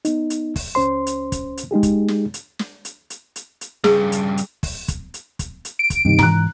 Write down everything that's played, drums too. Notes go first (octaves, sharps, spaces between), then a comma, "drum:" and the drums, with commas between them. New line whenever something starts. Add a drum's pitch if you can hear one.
B3 D#4, drum: hi-hat
drum: hi-hat
drum: kick, open hi-hat
C#2 C#4 C5 C6
drum: hi-hat
drum: kick, hi-hat
drum: hi-hat
G#3 D#4 G4 G#4
drum: kick, hi-hat
drum: snare
drum: hi-hat
drum: snare
drum: hi-hat
drum: hi-hat
drum: hi-hat
drum: hi-hat
G2 C#3 G#4, drum: snare
drum: hi-hat
drum: hi-hat
drum: kick, open hi-hat
drum: kick, hi-hat
drum: hi-hat
drum: kick, hi-hat
drum: hi-hat
D7
drum: kick, hi-hat
G2 C3 D#3
G#2 E3 A#5 F#6, drum: snare